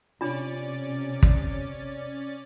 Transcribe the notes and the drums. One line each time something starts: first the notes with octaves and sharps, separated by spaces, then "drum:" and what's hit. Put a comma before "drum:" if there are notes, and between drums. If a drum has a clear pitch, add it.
C3 C#4 D4 F4 D5 A6
drum: kick